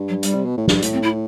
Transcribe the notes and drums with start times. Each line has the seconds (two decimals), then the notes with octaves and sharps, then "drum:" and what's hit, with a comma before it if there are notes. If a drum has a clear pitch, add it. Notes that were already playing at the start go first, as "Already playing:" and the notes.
Already playing: G2
0.08 F#3
0.23 G3, drum: hi-hat
0.34 C3
0.45 B2
0.57 A2
0.68 G2, drum: snare
0.82 A2 A3, drum: hi-hat
0.93 C4
1.03 E4